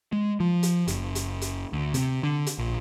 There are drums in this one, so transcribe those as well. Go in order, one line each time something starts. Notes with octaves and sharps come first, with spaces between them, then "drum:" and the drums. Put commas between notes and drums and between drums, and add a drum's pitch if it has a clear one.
G#3
F3
drum: hi-hat
F#1, drum: hi-hat
drum: hi-hat
drum: hi-hat
D2
C3, drum: hi-hat
D3
drum: hi-hat
A#1